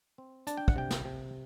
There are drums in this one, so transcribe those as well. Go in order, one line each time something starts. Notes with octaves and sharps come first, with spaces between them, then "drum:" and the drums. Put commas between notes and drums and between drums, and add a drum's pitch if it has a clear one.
C4
D4 A5, drum: hi-hat
G5
F#5, drum: kick
C3 G5
drum: snare
C3